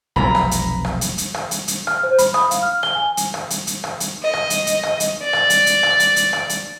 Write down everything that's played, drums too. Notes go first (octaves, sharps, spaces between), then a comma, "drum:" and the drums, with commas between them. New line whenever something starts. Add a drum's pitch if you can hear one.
F1 B1 F2 A#5 B5
drum: rim click
drum: hi-hat
drum: rim click
drum: hi-hat
drum: hi-hat
drum: rim click
drum: hi-hat
drum: hi-hat
F6, drum: rim click
C5
B5, drum: hi-hat
D#6, drum: rim click
F5, drum: hi-hat
F6
G7, drum: rim click
G#5
drum: hi-hat
drum: rim click
drum: hi-hat
drum: hi-hat
drum: rim click
drum: hi-hat
D#5
drum: rim click
drum: hi-hat
drum: hi-hat
drum: rim click
drum: hi-hat
D5
drum: rim click
drum: hi-hat
drum: hi-hat
drum: rim click
drum: hi-hat
drum: hi-hat
drum: rim click
drum: hi-hat